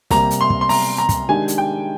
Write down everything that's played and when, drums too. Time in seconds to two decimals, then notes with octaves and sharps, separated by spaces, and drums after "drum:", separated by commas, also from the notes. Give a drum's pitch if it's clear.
0.10 C3 G3 A#3 A#5, drum: snare
0.30 drum: hi-hat
0.41 C6
0.50 drum: kick
0.61 C6
0.69 A#5, drum: open hi-hat
0.98 A#5
1.09 drum: kick, hi-hat
1.28 D#3 G#3 D4 G4 G#5
1.48 drum: hi-hat
1.58 G5